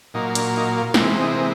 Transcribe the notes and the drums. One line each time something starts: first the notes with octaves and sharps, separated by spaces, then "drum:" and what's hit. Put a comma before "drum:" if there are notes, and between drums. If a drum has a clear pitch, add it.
A#2 F#3 A#3 D#4
D4, drum: hi-hat
D#4
F4
F4, drum: snare
C3 E3 G#3 C4 E4
D#4
A#4